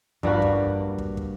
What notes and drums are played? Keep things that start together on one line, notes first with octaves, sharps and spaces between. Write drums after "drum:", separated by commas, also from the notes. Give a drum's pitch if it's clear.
G2 G3 A#3 F#4, drum: kick
drum: kick
drum: kick
drum: kick